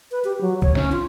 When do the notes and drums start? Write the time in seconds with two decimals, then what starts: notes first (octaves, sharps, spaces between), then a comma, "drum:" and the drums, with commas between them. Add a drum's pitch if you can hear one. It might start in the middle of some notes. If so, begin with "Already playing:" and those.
0.12 B4
0.25 G4
0.41 F#3
0.62 C#5, drum: kick B1
0.75 C#4, drum: snare
0.92 F4